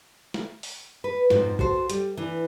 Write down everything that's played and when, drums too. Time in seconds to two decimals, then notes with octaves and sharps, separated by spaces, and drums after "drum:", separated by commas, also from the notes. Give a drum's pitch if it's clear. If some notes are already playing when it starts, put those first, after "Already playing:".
0.34 drum: snare
0.63 drum: open hi-hat
1.04 B4
1.30 F2 G#2 B2 F3, drum: snare
1.59 F#4 A4 C5, drum: kick A#1
1.90 G3, drum: hi-hat
2.17 E3 D4